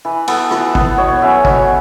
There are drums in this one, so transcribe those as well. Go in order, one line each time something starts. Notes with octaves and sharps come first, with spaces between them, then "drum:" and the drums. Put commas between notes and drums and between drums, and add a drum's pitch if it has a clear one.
E3
B3 A4, drum: cymbal
E3, drum: rim click
B3, drum: kick
B2 C#5
F#3 C#4 E5
B2 C#5, drum: kick